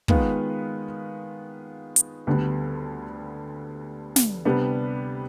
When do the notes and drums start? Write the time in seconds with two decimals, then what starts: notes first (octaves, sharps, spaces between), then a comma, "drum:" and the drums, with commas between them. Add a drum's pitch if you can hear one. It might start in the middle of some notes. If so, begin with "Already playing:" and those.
0.08 D#3 G#3 B3 F4 B4, drum: kick
1.96 drum: hi-hat
2.27 D2 D3 G3 B3
4.16 drum: snare
4.45 C3 G3 B3 D4